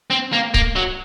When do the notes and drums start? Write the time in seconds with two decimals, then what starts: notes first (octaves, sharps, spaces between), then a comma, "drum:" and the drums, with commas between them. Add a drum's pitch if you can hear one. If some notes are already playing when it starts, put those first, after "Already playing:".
0.11 C4
0.33 A#3
0.54 A#3, drum: kick C#1
0.76 F#3